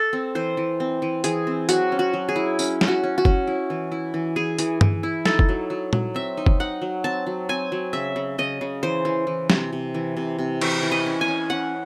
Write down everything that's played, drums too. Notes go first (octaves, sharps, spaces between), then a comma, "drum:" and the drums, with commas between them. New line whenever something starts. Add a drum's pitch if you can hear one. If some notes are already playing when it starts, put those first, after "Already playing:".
Already playing: A4
C4
E3 C5
E3
C4
E3
E3 G#4, drum: hi-hat
C4
F#3 F#4, drum: hi-hat
C#4
F#4
F#3
G#4
E4
C#4, drum: tambourine
C#4, drum: snare
F#4
C#4
F#4
C#4, drum: kick F#1
E4
E3
E4
E3
E3 G#4
E3, drum: hi-hat
E3, drum: tom G2
E4
D#4 A4, drum: snare
drum: kick F#1
F#3
F#3
F#3, drum: tom A#2
C4 E5
D#4
drum: kick F#1
D#4 F#5
F#3
C4 A5
F#3
C4 G#5
F#3
C#3 E5
C#3
C#3 D#5
C#3
E3 C5
E3
E3
C3, drum: snare
C3
E3
C3
C3
E3 E5, drum: cymbal
E3
D#5
C#4
G#5
C#4
C#4 F#5